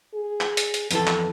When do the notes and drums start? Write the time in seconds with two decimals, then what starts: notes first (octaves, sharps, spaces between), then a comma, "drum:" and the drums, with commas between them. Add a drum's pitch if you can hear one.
0.14 G#4
0.41 drum: clap
0.57 drum: hi-hat
0.74 drum: hi-hat
0.91 F2 E3 B3 A4, drum: hi-hat
1.07 drum: clap